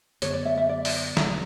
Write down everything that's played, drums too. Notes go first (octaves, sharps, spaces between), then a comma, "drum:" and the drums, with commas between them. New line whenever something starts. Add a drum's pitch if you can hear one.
F#2 D3 F#3 B3 C#5, drum: hi-hat
D5
E5
E5
D5
drum: open hi-hat
E1 D2 D3 F#3, drum: snare